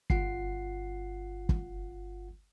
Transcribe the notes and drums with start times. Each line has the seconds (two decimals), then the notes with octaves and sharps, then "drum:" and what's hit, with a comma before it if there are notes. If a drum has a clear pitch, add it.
0.10 G1 F4 F#5 C7, drum: kick
1.49 drum: kick